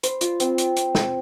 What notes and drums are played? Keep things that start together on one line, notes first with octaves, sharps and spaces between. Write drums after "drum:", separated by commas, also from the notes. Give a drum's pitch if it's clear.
C5, drum: hi-hat
F4, drum: hi-hat
C4, drum: hi-hat
drum: hi-hat
drum: hi-hat
drum: snare